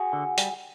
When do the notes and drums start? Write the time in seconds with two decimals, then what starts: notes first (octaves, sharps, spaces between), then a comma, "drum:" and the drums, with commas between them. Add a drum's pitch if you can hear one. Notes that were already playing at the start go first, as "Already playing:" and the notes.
Already playing: F#4 G#4
0.13 D3
0.38 G3, drum: hi-hat